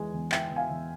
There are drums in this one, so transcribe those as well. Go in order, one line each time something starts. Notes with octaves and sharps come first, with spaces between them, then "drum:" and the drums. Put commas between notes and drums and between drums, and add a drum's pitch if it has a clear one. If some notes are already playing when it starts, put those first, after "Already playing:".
Already playing: E2 E3 G#3 G#5
E2
E3 E5 G5, drum: clap
E2
F5 G#5
E2